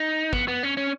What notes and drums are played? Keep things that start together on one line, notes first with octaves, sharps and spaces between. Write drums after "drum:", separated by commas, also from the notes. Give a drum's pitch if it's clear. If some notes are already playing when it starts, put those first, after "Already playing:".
Already playing: D#4
B3, drum: kick
B3
C#4
C#4